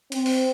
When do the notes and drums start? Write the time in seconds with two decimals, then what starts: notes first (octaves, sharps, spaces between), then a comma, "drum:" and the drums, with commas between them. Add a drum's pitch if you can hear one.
0.12 C4, drum: hi-hat
0.26 drum: open hi-hat